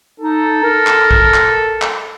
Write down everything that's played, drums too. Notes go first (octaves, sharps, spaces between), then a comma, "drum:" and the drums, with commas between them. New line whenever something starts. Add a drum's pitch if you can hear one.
D#4 A4
A#4
drum: clap
drum: kick
drum: clap
drum: clap